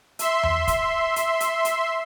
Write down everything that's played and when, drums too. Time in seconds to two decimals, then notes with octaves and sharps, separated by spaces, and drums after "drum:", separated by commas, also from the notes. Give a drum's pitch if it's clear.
0.19 E5 C6, drum: hi-hat
0.43 drum: tom E2
0.68 drum: kick, hi-hat
1.16 drum: hi-hat
1.40 drum: hi-hat
1.65 drum: hi-hat